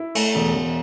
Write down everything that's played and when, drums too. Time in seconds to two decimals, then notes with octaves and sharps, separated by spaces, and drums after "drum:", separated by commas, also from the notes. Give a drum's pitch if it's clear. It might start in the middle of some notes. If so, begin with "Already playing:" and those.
Already playing: E4
0.15 A3, drum: cymbal
0.35 E1
0.55 E1